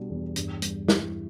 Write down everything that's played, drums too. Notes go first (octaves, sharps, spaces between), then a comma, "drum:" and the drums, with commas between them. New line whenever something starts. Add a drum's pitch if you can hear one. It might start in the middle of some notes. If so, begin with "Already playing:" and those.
Already playing: B2 G3 D4
E2
G2, drum: hi-hat
G3, drum: hi-hat
E4, drum: snare